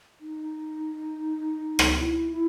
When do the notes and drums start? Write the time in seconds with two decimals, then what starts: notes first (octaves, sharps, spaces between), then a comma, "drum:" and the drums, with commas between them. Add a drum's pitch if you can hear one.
0.21 D#4
1.79 drum: rim click
2.01 E4
2.32 E4